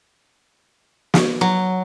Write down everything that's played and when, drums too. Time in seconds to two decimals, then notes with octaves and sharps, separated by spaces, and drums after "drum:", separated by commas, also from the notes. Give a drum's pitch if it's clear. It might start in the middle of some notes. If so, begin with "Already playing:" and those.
1.14 drum: snare
1.41 F#3